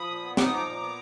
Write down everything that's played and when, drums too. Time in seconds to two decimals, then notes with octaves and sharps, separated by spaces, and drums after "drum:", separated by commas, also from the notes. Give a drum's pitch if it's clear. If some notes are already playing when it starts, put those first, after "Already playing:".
Already playing: F3 B5 D#6
0.09 A#2
0.22 B3
0.37 D#4 D6, drum: snare
0.45 D#6
0.52 F3 A#5 D6
0.67 A#2
0.81 B3